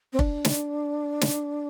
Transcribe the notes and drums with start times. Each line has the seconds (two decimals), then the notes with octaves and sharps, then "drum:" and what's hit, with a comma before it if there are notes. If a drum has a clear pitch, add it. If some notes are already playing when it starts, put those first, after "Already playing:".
0.13 C4
0.19 D4, drum: kick
0.45 drum: snare
1.21 drum: snare